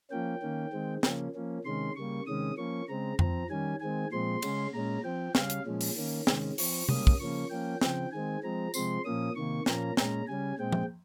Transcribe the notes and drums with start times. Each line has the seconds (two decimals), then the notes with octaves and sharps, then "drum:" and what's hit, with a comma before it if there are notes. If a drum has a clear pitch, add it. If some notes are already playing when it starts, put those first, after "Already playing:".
0.10 F3 A#3 C#4 G5
0.42 D#3 A#3 C#4
0.73 D#3 G#3 C4
1.03 C#3 F3 A#3 C#4, drum: snare
1.34 F3 A#3 C#4
1.64 C3 D#3 G#3 C#4 C6
1.96 C#3 G3 A#3 C#6
2.26 C3 D#3 G#3 C#4 D#6
2.57 F3 A#3 C#4 C#6
2.88 C#3 G#3 C4 A#5
3.19 F3 C4 A#5, drum: tom F2
3.50 D#3 G3 C#4 G#5
3.80 D#3 G#3 C4 G#5
4.12 A#2 F3 G#3 C4 C6
4.42 C#3 G#3 C#4, drum: cymbal
4.73 A#2 G#3 C#4 A#5
5.04 F3 C4 G5
5.35 C#3 G3 C#4 F5, drum: snare
5.50 drum: hi-hat
5.66 A#2 F3 G#3 C#4
5.81 drum: open hi-hat
5.97 D#3 A#3 C#4
6.27 C3 D#3 G#3 C#4, drum: snare
6.58 F3 C4 C#6, drum: open hi-hat
6.89 C#3 G3 A#3 C#4 D#6, drum: tom C3
7.07 drum: kick
7.20 C#3 F3 A#3 C#4 C#6
7.50 F3 A#3 C#4 G5
7.81 C#3 F3 C4 G5, drum: snare
8.12 D#3 G#3 C4 G#5
8.43 F3 G#3 C4 A#5
8.74 C3 F3 G#3 C4 C6, drum: tambourine
9.05 A#2 F3 A#3 C#4 D#6
9.36 C3 D#3 A#3 C#6
9.66 A#2 F3 A#3 C#4 A#5, drum: snare
9.97 A#2 G#3 C#4 A#5, drum: snare
10.28 C#3 G3 C#4 G#5
10.58 A#2 G#3 C4 G5
10.73 drum: tom